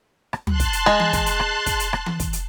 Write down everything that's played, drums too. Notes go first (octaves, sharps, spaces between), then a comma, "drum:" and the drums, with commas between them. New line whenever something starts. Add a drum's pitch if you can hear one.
drum: rim click
A5 C6 F#6, drum: tom
drum: kick, hi-hat
drum: hi-hat
G#3, drum: rim click
drum: tom E3
drum: kick, hi-hat
drum: hi-hat
drum: rim click
drum: kick, hi-hat
drum: hi-hat
drum: rim click
drum: tom E3
drum: kick, hi-hat
drum: hi-hat